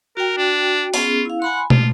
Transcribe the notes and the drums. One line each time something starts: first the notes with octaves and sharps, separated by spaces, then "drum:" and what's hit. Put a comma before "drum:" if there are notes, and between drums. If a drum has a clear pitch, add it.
F#4 A#4 G5
D4
B3 C#4 F4 G#4, drum: open hi-hat
E4 F5
F#5 G#5 B5 C6
A3 F4, drum: tom